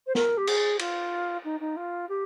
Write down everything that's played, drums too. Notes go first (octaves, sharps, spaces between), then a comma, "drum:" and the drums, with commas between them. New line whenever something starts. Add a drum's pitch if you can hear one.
C5
A#4, drum: snare
G4
G#4, drum: cymbal
F4, drum: cymbal
D#4
D#4
F4
G4